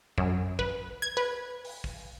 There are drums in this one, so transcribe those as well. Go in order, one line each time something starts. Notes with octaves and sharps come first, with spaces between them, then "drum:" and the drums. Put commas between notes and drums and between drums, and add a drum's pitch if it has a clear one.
F#2, drum: kick
B4, drum: kick
G#6
B4
drum: open hi-hat
drum: kick